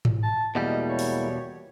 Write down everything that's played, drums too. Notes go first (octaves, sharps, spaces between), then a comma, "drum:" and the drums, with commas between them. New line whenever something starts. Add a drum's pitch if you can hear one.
drum: tom G#2
A5
E2 B2 G3 G#3 A#3 E4 D#5
C#5
drum: open hi-hat